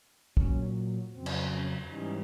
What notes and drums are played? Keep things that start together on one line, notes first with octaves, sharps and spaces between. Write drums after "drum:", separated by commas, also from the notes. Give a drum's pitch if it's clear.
A#2 F#3 C#4, drum: kick
F2 C#3 F#3 C4
drum: cymbal
C#4
G#2 E3 G3 C#4 D#4